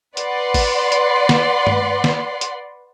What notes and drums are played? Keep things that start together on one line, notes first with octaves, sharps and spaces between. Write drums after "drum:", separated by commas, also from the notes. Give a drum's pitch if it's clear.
B4 D5 F#5 C6, drum: hi-hat
drum: kick G#1, open hi-hat
drum: hi-hat
drum: snare
drum: tom G2
drum: snare
drum: hi-hat